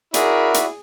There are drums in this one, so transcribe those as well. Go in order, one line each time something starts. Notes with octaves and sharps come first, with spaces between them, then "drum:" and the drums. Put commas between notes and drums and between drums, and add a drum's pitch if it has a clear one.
C#3 E4 F#4 G#4 A#4 D5 B5, drum: hi-hat
drum: hi-hat